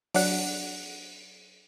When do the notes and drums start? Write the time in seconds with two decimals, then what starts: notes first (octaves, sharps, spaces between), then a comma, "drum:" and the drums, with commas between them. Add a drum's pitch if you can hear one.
0.14 F#3 D4 F#5, drum: open hi-hat